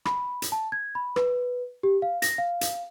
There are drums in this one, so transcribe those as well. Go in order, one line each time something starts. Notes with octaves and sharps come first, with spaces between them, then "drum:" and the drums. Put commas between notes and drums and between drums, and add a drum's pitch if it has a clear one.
B5, drum: rim click
drum: hi-hat
A5
G#6
B5
B4, drum: rim click
G4
F5
A#6, drum: hi-hat
F5
drum: hi-hat